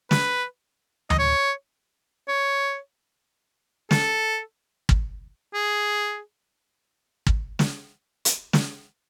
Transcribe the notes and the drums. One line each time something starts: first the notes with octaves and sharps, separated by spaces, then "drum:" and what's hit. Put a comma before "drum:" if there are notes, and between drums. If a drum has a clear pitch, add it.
B4, drum: snare
D#5, drum: tom D2
C#5
C#5
A4, drum: snare
drum: kick
G#4
drum: kick
drum: snare
drum: hi-hat
drum: snare